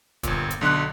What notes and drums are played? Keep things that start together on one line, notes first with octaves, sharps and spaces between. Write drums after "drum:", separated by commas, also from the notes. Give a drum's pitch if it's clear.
G1 A#2, drum: kick, hi-hat
drum: hi-hat
B1 D3 C6 F#6